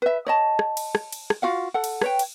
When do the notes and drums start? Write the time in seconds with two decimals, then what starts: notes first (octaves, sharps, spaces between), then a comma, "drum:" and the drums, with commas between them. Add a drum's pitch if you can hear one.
0.02 B4 E5
0.27 C#5 D#5 A5
0.59 drum: rim click
0.77 drum: cymbal
0.95 drum: rim click
1.12 drum: cymbal
1.30 drum: rim click
1.42 F4 F#4 F5 F#5
1.74 A4 F#5
1.84 drum: cymbal
2.02 B4 C#5 G5, drum: rim click
2.19 drum: cymbal